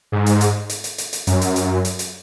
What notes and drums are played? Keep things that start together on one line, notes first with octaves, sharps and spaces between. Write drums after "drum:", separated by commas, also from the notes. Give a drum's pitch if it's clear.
G#2
drum: hi-hat
drum: hi-hat
drum: hi-hat
drum: hi-hat
drum: hi-hat
drum: hi-hat
F#2, drum: hi-hat
drum: hi-hat
drum: hi-hat
drum: hi-hat
drum: hi-hat